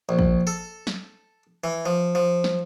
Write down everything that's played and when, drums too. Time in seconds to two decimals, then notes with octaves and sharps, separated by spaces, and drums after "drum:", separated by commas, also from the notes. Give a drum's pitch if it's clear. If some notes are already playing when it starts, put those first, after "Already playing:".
0.09 A#1
0.19 drum: kick
0.47 A4
0.87 drum: snare
1.64 E3
1.86 F3
2.15 F3
2.44 drum: snare